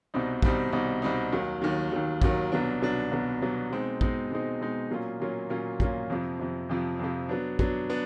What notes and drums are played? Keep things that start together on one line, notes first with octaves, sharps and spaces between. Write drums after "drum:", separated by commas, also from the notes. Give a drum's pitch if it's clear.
C2 B2 G3 C4 D#4
C2 B2 G3 C4 D#4, drum: kick
C2 B2 G3 C4 D#4
C2 B2 G3 C4 D#4
D#2 D#3 F#3
D#2 D#3 F#3
D#2 D#3 F#3
D#2 D#3 F#3, drum: kick
C2 B2 F#3 B3 D4
C2 B2 F#3 B3 D4
C2 B2 F#3 B3 D4
C2 B2 F#3 B3 D4
B2 G#3 C4 D#4
B2 G#3 C4 D#4, drum: kick
B2 G#3 C4 D#4
B2 G#3 C4 D#4
A#2 F#3 A#3 C#4 F4
A#2 F#3 A#3 C#4 F4
A#2 F#3 A#3 C#4 F4
A#2 F#3 A#3 C#4 F4, drum: kick
F2 C3 F3
F2 C3 F3
F2 C3 F3
F2 C3 F3
F#3 B3 D4
F#3 B3 D4, drum: kick
B3 D4